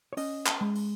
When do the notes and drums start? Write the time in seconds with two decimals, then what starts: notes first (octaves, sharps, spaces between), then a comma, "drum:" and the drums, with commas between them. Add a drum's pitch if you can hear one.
0.13 C#5
0.17 C#4 D#5, drum: open hi-hat
0.46 drum: clap
0.61 G#3
0.75 drum: open hi-hat